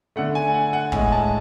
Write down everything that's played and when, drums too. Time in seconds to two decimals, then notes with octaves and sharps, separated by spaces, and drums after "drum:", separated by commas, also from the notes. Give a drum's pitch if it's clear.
0.16 D3 A3 F#5
0.35 G#5
0.54 F#5
0.73 F#5
0.92 A2 G#3 G#5, drum: kick
1.12 A5